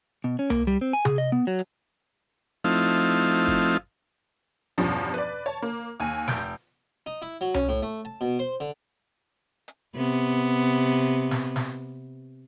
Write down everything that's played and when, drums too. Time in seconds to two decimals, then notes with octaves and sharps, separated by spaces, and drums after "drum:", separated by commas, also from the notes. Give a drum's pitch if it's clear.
0.24 B2
0.39 C#4
0.50 A#3, drum: tom C2
0.67 G3
0.81 C4
0.93 G#5
1.05 G#4, drum: tom C3
1.18 D#5
1.32 B3
1.47 F#3
1.59 drum: hi-hat
2.64 F3 A3 C4 D#4 E4 F5
3.47 drum: kick
4.78 E2 G2 B2 F3 C#4
5.14 B4 D5, drum: hi-hat
5.46 C#5 A5
5.62 A#3
6.00 D#2 G#5
6.28 F1 G6 D7, drum: snare
7.06 D#4
7.22 E4
7.41 F#3
7.54 C#4, drum: tom C2
7.69 A2
7.83 A3
8.05 A5
8.21 B2
8.39 C5
8.60 D3
9.68 drum: hi-hat
9.96 C3 B3
11.31 drum: snare
11.56 drum: snare